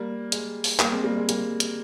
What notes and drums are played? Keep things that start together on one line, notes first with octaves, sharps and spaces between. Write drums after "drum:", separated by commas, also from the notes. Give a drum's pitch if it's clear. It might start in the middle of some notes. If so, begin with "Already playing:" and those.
Already playing: G3 A#3
G#3, drum: hi-hat
drum: open hi-hat
G3 A#3, drum: clap
G#3 C4
G3 A#3
G#3
G3 A#3, drum: hi-hat
drum: hi-hat